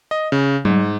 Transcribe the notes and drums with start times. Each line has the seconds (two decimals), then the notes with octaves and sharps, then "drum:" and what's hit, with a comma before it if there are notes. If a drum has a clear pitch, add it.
0.11 D#5
0.32 C#3
0.65 G#2, drum: tom F#3